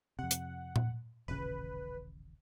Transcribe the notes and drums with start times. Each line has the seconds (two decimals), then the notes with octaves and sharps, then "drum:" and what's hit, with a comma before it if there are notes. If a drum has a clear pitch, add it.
0.19 F2 C3 F#5
0.31 drum: hi-hat
0.76 drum: tom A#2
1.28 D#1 A1 C#3 B4